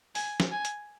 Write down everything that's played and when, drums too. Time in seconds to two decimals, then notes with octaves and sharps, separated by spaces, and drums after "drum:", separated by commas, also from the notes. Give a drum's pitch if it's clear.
0.15 G#5, drum: open hi-hat
0.40 drum: snare
0.52 G#5
0.65 drum: hi-hat